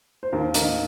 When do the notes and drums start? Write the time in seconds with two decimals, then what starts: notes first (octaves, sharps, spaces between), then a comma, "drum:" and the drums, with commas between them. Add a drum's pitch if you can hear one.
0.23 C5
0.32 D#2 F4 A#4
0.54 D#3 A#3 A#4 D#5, drum: hi-hat